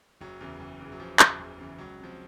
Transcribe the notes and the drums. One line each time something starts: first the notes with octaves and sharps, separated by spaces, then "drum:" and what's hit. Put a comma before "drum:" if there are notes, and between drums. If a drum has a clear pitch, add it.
F#1 F#3
E2 C#3 E3
F#1
E2 C#3 E3
F#3
F#1 F3
E2 C#3 E3, drum: clap
F#1
E2 C#3 E3
C#2 F#3
C3 F3